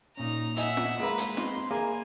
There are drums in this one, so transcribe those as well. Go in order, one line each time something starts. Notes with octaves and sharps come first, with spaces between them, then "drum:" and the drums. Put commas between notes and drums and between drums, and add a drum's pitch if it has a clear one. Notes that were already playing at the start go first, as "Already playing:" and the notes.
A#2 C#4 D#4 A#5
E4 D#5 E5 F#5 G#5, drum: hi-hat
drum: snare
G#3 A#3 B4
drum: hi-hat
C4 D#4 C6, drum: snare
A#3 G#4 E5 G#5